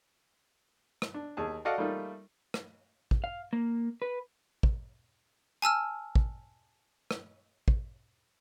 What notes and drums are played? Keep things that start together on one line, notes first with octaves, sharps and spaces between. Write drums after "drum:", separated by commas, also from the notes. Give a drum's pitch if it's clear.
drum: rim click
D4
D#2 G#4 A5
F#4 A4 D5 D#5 F5 F#5
G3 A3 A#3 D#4 F4
drum: rim click
drum: kick
F5
A#3
B4
drum: kick
G#5 A5 E6 F6
drum: kick
drum: rim click
drum: kick